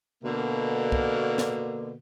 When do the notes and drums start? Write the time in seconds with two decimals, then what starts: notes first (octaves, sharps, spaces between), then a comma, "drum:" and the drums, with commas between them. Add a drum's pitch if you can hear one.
0.23 B2 D3 A#3
0.92 drum: kick
1.38 drum: snare